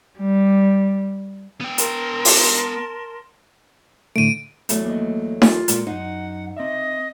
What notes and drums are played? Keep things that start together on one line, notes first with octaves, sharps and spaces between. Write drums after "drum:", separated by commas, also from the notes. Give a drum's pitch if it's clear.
G3
B3 G5
A#4 A5 C6, drum: hi-hat
drum: open hi-hat
A2 D3 A3 D7 D#7
E2 F#3 A3, drum: hi-hat
A#3 D#5
F4 G4, drum: snare D#4
A#2 G#3 A4, drum: hi-hat
F#2 D#4 C5 F#5
C4 D#5 E5